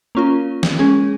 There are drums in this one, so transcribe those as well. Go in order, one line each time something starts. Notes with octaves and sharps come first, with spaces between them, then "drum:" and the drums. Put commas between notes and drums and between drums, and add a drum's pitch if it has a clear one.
A#3 C#4 F4 A#4
drum: snare
G#3 C#4 G#4